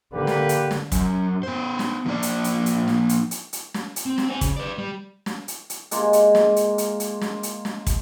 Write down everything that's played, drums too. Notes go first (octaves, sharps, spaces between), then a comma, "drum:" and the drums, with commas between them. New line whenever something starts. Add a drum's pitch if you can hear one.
D3 A#3 G4 B4
drum: snare
drum: hi-hat
drum: snare
F#2, drum: kick, hi-hat
B3 C5
drum: snare
F3 A#3 D4 D5
drum: hi-hat
drum: hi-hat
drum: hi-hat
drum: snare
drum: hi-hat
drum: hi-hat
drum: hi-hat
drum: snare
drum: hi-hat
C4
drum: snare
C5 G#5
C#3, drum: kick, hi-hat
B4 D5
G3
drum: snare
drum: hi-hat
drum: hi-hat
G#3 A#3 F4, drum: hi-hat
drum: hi-hat
drum: snare
drum: hi-hat
drum: hi-hat
drum: hi-hat
drum: snare
drum: hi-hat
drum: snare
drum: kick, hi-hat